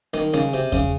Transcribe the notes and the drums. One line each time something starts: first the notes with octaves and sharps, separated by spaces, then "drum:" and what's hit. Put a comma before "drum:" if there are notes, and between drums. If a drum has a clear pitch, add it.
D#3, drum: snare
C#3, drum: snare
C3
C#3, drum: kick E2